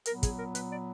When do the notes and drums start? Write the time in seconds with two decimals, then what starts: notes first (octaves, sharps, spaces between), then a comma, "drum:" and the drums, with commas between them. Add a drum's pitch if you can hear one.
0.06 A#2 F#3 B3 A#4, drum: hi-hat
0.23 G#4, drum: kick, hi-hat
0.39 A#4
0.55 B4, drum: hi-hat
0.71 D5